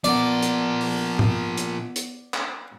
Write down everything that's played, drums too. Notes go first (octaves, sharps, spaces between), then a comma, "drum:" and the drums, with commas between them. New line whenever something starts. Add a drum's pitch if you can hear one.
F3 B3 A#4 D5 F#5, drum: hi-hat
drum: hi-hat
drum: open hi-hat
drum: tom G#2
drum: hi-hat
drum: hi-hat
drum: clap